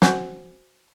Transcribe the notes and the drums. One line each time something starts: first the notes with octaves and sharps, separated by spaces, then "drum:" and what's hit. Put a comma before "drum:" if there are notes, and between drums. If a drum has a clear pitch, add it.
F#4 C5 G#5, drum: snare